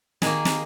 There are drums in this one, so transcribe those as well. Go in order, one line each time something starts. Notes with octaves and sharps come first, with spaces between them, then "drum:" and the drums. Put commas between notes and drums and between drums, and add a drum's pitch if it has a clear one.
D#3 A#3 G#4, drum: snare
drum: snare